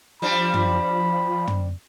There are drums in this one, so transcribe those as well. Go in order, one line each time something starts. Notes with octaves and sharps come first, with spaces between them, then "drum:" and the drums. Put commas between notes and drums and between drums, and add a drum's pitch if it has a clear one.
F3 G3 C4 D4 B5
drum: tom
drum: tom